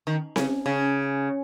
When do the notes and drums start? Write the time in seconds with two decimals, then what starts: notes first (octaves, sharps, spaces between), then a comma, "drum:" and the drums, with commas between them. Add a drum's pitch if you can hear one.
0.07 D#3
0.36 C#3, drum: snare C4
0.66 C#3